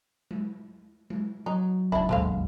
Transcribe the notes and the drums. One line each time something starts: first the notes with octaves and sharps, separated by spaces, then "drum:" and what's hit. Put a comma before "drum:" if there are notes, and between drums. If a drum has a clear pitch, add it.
drum: tom G#3
drum: tom G#3
F#3 D#4
F1 C#2 D4 E4
D1 G#1 D#2 B2 D3 G#3 C5 F5